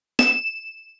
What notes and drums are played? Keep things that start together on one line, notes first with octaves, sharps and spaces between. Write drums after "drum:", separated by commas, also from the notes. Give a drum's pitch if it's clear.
E7, drum: snare